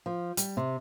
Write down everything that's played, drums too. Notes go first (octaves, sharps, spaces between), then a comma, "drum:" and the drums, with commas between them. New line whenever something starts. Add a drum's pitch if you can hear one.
F3
G3, drum: hi-hat
C3